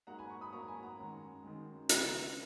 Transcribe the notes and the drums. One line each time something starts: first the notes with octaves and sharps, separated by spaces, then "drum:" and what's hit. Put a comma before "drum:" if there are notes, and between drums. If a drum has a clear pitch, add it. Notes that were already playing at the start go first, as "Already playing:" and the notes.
G#2 F#3 A#3 F#5 A#5
G#5 B5
A#5 C#6
B5 D#6
G#2 F#3 A#3 A#5 C#6
A#5
G#5 B5
F#5 A#5
F#2 D#3 G#3
F#2 D#3 G#3
C#3 G#3 B3 D#5 F#5, drum: hi-hat